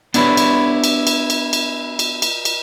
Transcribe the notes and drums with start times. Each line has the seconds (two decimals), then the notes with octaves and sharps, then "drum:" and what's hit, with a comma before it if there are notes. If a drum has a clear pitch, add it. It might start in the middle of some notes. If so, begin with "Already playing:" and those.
0.14 B3 D4 E4 G4 B4 C#5, drum: cymbal
0.37 drum: cymbal
0.84 drum: cymbal
1.07 drum: cymbal
1.30 drum: cymbal
1.53 drum: cymbal
1.99 drum: cymbal
2.22 drum: cymbal
2.45 drum: cymbal